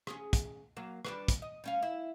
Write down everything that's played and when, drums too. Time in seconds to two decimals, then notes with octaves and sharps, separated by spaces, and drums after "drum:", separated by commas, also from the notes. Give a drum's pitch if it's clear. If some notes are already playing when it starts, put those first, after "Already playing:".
0.07 C#4 G#4, drum: rim click
0.33 drum: kick, hi-hat
0.77 F#3 A#3
1.05 G3 D4 B4, drum: rim click
1.28 drum: kick, hi-hat
1.42 D#5
1.64 G3 C#4 F5
1.83 E4